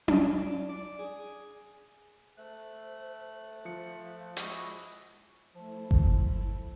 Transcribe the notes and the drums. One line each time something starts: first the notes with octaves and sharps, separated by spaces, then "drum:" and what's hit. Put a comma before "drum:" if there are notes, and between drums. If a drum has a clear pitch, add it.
D4, drum: tom C#4
D5
G#4
A3 C5 F#6
F3 F5 C#7
G#3 E4 F#4 D#5, drum: hi-hat
F3 A3 E4
drum: kick G1